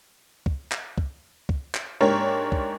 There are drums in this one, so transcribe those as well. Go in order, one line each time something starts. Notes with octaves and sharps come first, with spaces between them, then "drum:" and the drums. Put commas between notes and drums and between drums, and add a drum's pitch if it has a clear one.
drum: kick
drum: clap
drum: kick
drum: kick
drum: clap
G#2 A#3 D4 G4 A#4 C#5
drum: kick